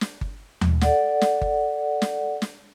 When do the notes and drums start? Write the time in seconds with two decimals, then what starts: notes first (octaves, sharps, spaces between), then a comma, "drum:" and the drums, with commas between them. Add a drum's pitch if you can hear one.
0.01 drum: snare
0.21 drum: kick G1
0.61 drum: tom D#2
0.81 A4 D5 F#5, drum: snare
1.21 drum: snare
1.41 drum: kick G1
2.02 drum: snare
2.42 drum: snare